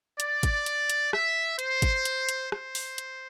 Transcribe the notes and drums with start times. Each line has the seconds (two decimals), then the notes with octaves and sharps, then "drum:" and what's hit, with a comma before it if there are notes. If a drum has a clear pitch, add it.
0.20 D5, drum: hi-hat
0.43 drum: kick, hi-hat
0.66 drum: hi-hat
0.90 drum: hi-hat
1.13 E5, drum: rim click
1.59 C5, drum: hi-hat
1.82 drum: kick, hi-hat
2.05 drum: hi-hat
2.29 drum: hi-hat
2.52 C5, drum: rim click
2.75 drum: open hi-hat
2.98 drum: hi-hat